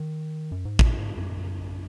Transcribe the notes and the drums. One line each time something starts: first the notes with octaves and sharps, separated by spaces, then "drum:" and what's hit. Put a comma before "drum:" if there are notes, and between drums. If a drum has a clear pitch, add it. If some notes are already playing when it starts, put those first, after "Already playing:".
Already playing: D#3
F#2
G#2
A#2, drum: kick
G#2
F#2